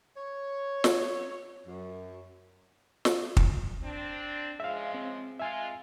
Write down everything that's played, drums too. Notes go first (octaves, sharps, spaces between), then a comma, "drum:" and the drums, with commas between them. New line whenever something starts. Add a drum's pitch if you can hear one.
C#5
drum: snare
F#2
drum: snare
drum: kick
C4 D4
C#3 F3 G#3 E5 F5
C4
G#3 F4 E5 G#5